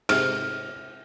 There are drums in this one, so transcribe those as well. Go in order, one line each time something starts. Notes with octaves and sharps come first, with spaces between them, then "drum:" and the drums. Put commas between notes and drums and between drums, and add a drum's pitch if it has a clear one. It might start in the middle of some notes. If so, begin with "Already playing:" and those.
G#2 C3 F6, drum: cymbal